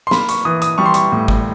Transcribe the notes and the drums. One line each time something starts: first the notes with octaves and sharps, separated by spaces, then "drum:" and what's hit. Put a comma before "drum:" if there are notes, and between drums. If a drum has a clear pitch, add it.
C6
A#3 B5, drum: snare
C#6, drum: hi-hat
E3 D#6
D#6, drum: hi-hat
G3 C#6
C6
C#6, drum: hi-hat
A2
drum: kick